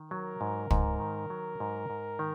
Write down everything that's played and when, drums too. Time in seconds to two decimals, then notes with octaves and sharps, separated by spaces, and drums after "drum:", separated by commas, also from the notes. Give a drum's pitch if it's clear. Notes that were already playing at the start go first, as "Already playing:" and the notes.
Already playing: D#3
0.11 F#3 A#4
0.41 G#2
0.71 G#2, drum: kick
1.00 D#3
1.30 F#3
1.60 G#2
1.90 G#2
2.19 D#3